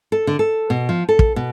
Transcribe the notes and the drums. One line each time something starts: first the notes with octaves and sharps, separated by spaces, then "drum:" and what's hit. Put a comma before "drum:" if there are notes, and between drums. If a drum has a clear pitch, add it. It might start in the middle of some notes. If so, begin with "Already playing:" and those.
A4
D3
A4
B2
F3
A4
drum: kick
B2